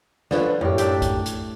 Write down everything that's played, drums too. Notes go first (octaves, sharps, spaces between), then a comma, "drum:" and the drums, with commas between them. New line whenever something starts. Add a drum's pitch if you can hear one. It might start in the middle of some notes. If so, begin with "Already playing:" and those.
D3 F3 B4 C#5, drum: snare
F#2 A2 G4
D4 E5 G5, drum: hi-hat
drum: kick, hi-hat
drum: hi-hat